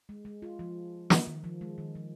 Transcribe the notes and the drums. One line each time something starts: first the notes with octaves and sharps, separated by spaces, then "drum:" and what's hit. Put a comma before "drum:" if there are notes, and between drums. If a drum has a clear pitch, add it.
G#3
G#3
F4
F3
drum: snare
D#3
F3
G#3
D#3
F3